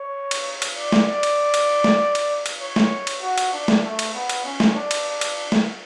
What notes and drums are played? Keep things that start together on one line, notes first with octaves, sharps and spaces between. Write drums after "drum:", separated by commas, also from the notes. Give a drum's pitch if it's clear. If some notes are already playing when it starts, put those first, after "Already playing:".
Already playing: C#5
drum: cymbal
drum: cymbal
D5
drum: snare
D5
drum: cymbal
drum: cymbal
drum: snare
drum: cymbal
drum: cymbal
C#5
drum: snare
drum: cymbal
F#4
drum: cymbal
D4
drum: snare
A3
drum: cymbal
B3
drum: cymbal
C#4
drum: snare
D4
drum: cymbal
drum: cymbal
drum: snare